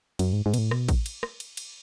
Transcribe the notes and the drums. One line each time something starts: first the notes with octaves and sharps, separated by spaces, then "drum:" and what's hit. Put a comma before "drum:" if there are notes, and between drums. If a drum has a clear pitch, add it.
F#2, drum: cymbal
G#2
G#2
B2, drum: cymbal
A2
B2, drum: rim click
drum: kick, cymbal
drum: cymbal
drum: rim click
drum: cymbal
drum: cymbal